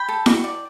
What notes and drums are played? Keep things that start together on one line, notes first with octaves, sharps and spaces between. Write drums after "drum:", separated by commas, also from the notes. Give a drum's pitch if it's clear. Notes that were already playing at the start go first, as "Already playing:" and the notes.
Already playing: G5 B5
A4
F#4, drum: snare E4
D5